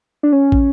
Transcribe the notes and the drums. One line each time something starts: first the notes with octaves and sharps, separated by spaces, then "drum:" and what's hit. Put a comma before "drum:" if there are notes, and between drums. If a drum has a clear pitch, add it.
D4
C#4
drum: kick